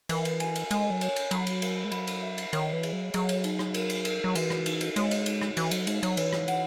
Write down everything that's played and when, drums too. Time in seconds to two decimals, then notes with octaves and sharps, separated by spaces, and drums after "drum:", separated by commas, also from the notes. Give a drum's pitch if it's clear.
0.09 E3 A#4, drum: cymbal
0.25 drum: cymbal
0.40 G#5, drum: cymbal
0.56 drum: cymbal
0.71 G#3 G#5, drum: cymbal
0.90 F#3
1.01 C#5, drum: cymbal
1.16 drum: cymbal
1.31 F#3 B5, drum: cymbal
1.47 drum: cymbal
1.62 A#4, drum: cymbal
1.85 G#3
1.92 F#3 B5, drum: cymbal
2.07 drum: cymbal
2.22 E5
2.38 drum: cymbal
2.53 D#3 C#5, drum: cymbal
2.73 E3
2.83 G#4, drum: cymbal
2.93 F#3
3.14 F#3 G#4, drum: cymbal
3.29 drum: cymbal
3.44 D#4, drum: cymbal
3.59 drum: rim click
3.74 A#4, drum: cymbal
3.90 drum: cymbal
4.05 A#4, drum: cymbal
4.24 F#3
4.35 E3 F#4, drum: cymbal
4.50 drum: rim click
4.66 D#4, drum: cymbal
4.81 drum: cymbal
4.96 G#3 C#5, drum: cymbal
5.11 drum: cymbal
5.26 D#4, drum: cymbal
5.41 drum: rim click
5.57 E3 F#4, drum: cymbal
5.71 F#3, drum: cymbal
5.87 G#3 D#4, drum: cymbal
6.03 F#3, drum: cymbal
6.17 E3 C#5, drum: cymbal
6.33 drum: rim click
6.48 F#5, drum: cymbal